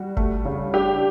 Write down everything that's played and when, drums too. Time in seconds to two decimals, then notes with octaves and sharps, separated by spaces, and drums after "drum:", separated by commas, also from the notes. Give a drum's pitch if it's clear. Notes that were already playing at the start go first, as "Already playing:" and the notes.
Already playing: G3 F#4
0.17 A3, drum: kick F#1
0.45 C#3
0.73 D4 G4